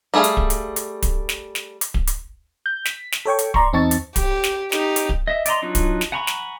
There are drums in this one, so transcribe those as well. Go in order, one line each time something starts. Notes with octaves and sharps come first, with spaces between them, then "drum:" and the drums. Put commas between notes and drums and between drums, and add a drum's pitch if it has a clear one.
G3 A3 G#4 A4 F5
drum: hi-hat
drum: kick D1
drum: hi-hat
drum: hi-hat
drum: kick D1, hi-hat
drum: snare
drum: snare
drum: hi-hat
drum: kick D1
drum: hi-hat
G6
B6, drum: snare
drum: snare
A4 C#5 G5 C#6
drum: hi-hat
D5 A#5 C6 C#6, drum: kick D1
E2 C4 D#4 A5 C#6 A6
drum: hi-hat
G4, drum: kick D1, hi-hat
drum: snare
D#4 G4, drum: snare
drum: hi-hat
drum: kick D1
D#5 E5
D5 D#5 A#5 C6, drum: hi-hat
F#3 D4 D#4 F4 F#4
drum: kick D1, hi-hat
drum: snare
F#5 G#5 A#5 B5 C#6
drum: snare